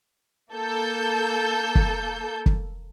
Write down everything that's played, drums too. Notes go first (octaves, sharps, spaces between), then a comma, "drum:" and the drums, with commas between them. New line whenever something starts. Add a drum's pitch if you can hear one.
A#3 A4 G6
drum: kick
drum: kick